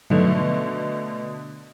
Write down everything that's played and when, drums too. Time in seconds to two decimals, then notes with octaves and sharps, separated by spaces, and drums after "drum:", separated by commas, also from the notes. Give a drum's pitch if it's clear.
0.10 B2 D3 A3, drum: tom F3